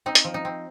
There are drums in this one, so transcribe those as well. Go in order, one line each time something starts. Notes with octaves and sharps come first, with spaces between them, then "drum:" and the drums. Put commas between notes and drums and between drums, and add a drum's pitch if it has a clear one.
C4 D#4
drum: hi-hat
F3
D#4
C4